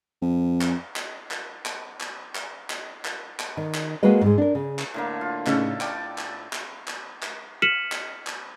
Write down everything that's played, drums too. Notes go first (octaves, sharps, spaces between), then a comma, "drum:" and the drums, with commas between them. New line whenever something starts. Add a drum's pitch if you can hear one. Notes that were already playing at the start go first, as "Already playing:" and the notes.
F2
drum: clap
drum: clap
drum: clap
drum: clap
drum: clap
drum: clap
drum: clap
drum: clap
drum: clap
D#3
drum: clap
G#3 A#3 F#4 B4 D#5
G#2 G#3
D4 A#4
C#3
drum: clap
A2 D3 A#3
F4
A2 C#3 C#4 D#4 A4, drum: clap
D5 G5, drum: clap
drum: clap
drum: clap
drum: clap
drum: clap
F6 B6 C#7 D#7 E7 F#7
drum: clap
drum: clap